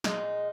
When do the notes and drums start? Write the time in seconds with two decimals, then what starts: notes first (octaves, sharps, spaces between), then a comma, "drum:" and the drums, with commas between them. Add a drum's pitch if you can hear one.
0.04 A#2 F3 G#3 D#4, drum: snare